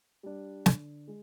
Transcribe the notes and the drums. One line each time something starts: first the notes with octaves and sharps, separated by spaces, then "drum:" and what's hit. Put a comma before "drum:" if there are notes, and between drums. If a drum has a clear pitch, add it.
G3 D4
D3, drum: snare
G#3